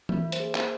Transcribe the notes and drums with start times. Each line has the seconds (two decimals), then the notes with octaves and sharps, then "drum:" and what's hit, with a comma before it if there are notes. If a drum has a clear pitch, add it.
0.09 A#3, drum: tom E3
0.25 A#3
0.32 C5, drum: hi-hat
0.40 G#4
0.55 A#3 C5, drum: clap